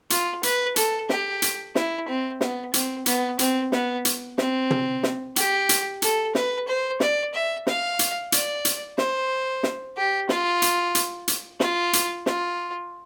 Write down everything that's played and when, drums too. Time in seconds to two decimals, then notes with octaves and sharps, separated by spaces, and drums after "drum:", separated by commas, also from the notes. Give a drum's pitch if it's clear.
0.10 F4, drum: hi-hat
0.43 B4, drum: hi-hat
0.76 A4, drum: hi-hat
1.09 G4, drum: snare
1.42 drum: hi-hat
1.75 E4, drum: snare
2.08 C4
2.41 B3, drum: snare
2.74 C4, drum: hi-hat
3.06 B3, drum: hi-hat
3.39 C4, drum: hi-hat
3.72 B3, drum: snare
4.05 drum: hi-hat
4.38 C4, drum: snare
4.71 drum: tom
5.03 drum: snare
5.36 G4, drum: hi-hat
5.69 drum: hi-hat
6.02 A4, drum: hi-hat
6.35 B4, drum: snare
6.67 C5
7.00 D5, drum: snare
7.34 E5
7.67 F5, drum: snare
7.99 drum: hi-hat
8.32 D5, drum: hi-hat
8.65 drum: hi-hat
8.98 C5, drum: snare
9.63 drum: snare
9.97 G4
10.29 F4, drum: snare
10.62 drum: hi-hat
10.95 drum: hi-hat
11.28 drum: hi-hat
11.60 F4, drum: snare
11.93 drum: hi-hat
12.26 F4, drum: snare